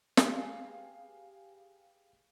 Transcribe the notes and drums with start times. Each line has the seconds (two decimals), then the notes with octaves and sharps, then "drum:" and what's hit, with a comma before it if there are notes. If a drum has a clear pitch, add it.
0.17 G4 G#4 B4 F5 G#5, drum: snare